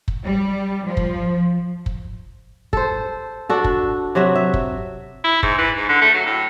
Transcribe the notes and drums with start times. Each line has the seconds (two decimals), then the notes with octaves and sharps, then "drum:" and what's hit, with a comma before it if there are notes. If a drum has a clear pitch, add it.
0.08 drum: kick
0.23 G3
0.86 F3
0.97 drum: kick
1.86 drum: kick
2.73 A4 C5, drum: kick
3.49 D4 F#4 A4
3.64 drum: kick
4.15 C3 F#3 F#4 E5
4.35 E5
4.54 drum: kick
5.24 E4
5.43 G#2, drum: kick
5.58 E3
5.77 G#2
5.89 D3
6.01 A3
6.14 F#3
6.26 A2